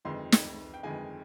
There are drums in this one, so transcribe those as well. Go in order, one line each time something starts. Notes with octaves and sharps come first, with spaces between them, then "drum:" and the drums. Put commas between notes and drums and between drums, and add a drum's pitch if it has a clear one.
G1 F2 D#3 G#3 C6
drum: snare
G5
G1 F2 D#3 G#3 G#5